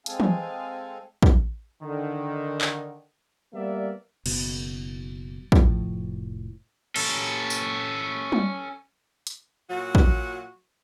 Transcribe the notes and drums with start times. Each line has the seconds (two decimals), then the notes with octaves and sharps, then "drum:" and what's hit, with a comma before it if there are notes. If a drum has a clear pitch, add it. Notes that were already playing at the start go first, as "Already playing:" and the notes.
0.06 G#3 C4 G#4 A4 F5 G#5, drum: hi-hat
0.20 drum: tom
1.22 drum: kick
1.82 D3 D#3
2.61 drum: clap
3.54 G3 A#3 B3 A#4 D5 E5
4.26 F#1 B2, drum: cymbal
5.52 F1 A2 F3, drum: kick
6.96 C#4 A4, drum: cymbal
7.50 drum: tambourine
8.32 drum: tom
9.27 drum: hi-hat
9.69 A#2 F#3 F#4
9.95 drum: kick